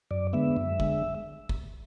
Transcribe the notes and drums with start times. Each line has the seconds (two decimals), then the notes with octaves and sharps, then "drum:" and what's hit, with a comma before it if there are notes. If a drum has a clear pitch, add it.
0.11 F#2 D5
0.33 D3 G#3 B3 E5
0.56 F#2
0.80 D3 G#3, drum: kick
1.49 drum: kick